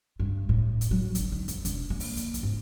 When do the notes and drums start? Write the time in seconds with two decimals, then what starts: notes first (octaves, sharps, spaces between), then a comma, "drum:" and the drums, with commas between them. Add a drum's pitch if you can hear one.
0.20 G2
0.49 A2
0.81 drum: hi-hat
0.91 F#3
1.15 G1, drum: hi-hat
1.32 D#3
1.48 F2, drum: hi-hat
1.65 E1, drum: hi-hat
1.90 A#3
2.00 drum: open hi-hat
2.17 drum: kick, hi-hat
2.34 drum: kick, hi-hat
2.43 G#2